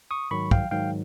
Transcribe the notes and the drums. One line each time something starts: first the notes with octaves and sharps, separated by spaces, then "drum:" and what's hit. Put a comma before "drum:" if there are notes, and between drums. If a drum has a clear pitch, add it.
C#6 D#6
G#2 D#3 F#3 B5 C#6
F5 G5, drum: kick
G#2 D#3 F#3 F5 G5